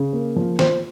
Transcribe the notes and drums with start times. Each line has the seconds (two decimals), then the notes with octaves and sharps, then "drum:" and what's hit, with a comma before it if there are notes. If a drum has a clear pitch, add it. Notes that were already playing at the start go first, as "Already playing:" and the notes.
Already playing: C#3
0.13 A#3
0.36 F3
0.59 F3 C5, drum: snare